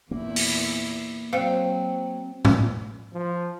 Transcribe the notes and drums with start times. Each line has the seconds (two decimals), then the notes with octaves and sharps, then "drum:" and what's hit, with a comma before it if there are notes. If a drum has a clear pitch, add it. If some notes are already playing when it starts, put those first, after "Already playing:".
0.11 E2 A#2 A#3 E4
0.36 drum: open hi-hat
1.33 F#3 C4 F5
2.45 drum: tom A2
3.14 F3